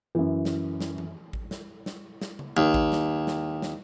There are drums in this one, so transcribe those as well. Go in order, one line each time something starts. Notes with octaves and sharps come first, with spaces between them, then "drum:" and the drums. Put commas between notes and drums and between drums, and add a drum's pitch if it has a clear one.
F#2 E3
drum: snare
drum: snare
drum: tom E3
drum: kick A1
drum: snare
drum: snare
drum: snare
drum: tom C#3
D#2
drum: kick A1
drum: snare
drum: snare
drum: snare